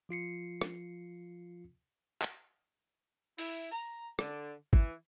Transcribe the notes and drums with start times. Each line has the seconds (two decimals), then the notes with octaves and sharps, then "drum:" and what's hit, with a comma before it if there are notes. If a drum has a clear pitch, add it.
0.09 F3 F4 C7 C#7
0.61 drum: rim click
2.21 drum: clap
3.38 E4, drum: open hi-hat
3.72 A#5
4.19 D3, drum: rim click
4.73 E3, drum: kick